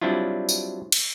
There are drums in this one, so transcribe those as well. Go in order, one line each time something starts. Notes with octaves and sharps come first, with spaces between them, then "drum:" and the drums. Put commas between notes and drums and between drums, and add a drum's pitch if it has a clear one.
F#3 G3 C4 D4 E4 F4
drum: tambourine
drum: cymbal